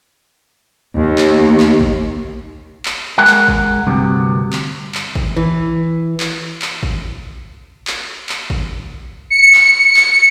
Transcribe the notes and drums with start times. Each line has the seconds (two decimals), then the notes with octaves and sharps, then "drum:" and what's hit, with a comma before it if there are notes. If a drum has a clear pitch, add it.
0.97 D#2
1.18 drum: clap
1.60 drum: clap
1.81 drum: kick
2.85 drum: clap
3.18 G#3 A#4 F#5
3.27 drum: clap
3.48 drum: kick
3.87 D2 G2 C3
4.53 drum: clap
4.95 drum: clap
5.15 drum: kick
5.36 E3
6.20 drum: clap
6.62 drum: clap
6.83 drum: kick
7.87 drum: clap
8.29 drum: clap
8.50 drum: kick
9.30 C#7
9.55 drum: clap
9.96 drum: clap